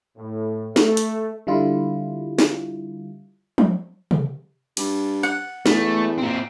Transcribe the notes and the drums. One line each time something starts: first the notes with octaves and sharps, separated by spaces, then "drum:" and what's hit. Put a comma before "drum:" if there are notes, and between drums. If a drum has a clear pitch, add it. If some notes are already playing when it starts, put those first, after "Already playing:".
A2
A3, drum: snare
drum: hi-hat
D3 G3 E4 F4
drum: snare
drum: tom F3
drum: tom C3
G2, drum: cymbal
F#5
E2 A3, drum: snare
A#2 C4